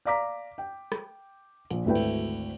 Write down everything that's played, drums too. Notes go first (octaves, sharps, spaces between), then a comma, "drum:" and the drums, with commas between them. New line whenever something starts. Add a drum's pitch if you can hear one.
D5 F5 A#5 D6 B6
G5
drum: rim click
A#1, drum: hi-hat
G#1 D2 A3 E4 B4 G5
drum: cymbal